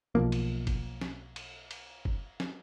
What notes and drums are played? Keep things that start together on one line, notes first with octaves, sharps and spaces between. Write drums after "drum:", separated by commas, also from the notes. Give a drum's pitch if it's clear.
B1 B2 F3 A#3
drum: cymbal
drum: kick F#1, cymbal
drum: snare
drum: cymbal
drum: cymbal
drum: kick F#1
drum: snare